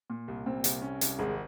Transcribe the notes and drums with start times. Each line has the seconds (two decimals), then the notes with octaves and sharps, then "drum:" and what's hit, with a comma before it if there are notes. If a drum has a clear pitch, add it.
0.10 A#2
0.28 C2
0.46 A#2 C4
0.64 C2, drum: hi-hat
0.82 C#4
1.01 C2, drum: hi-hat
1.19 G#1 G#3